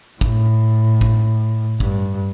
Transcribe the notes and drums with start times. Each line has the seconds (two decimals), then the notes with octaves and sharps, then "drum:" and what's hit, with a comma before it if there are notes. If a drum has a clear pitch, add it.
0.21 A2, drum: kick
1.01 drum: kick
1.80 G2, drum: kick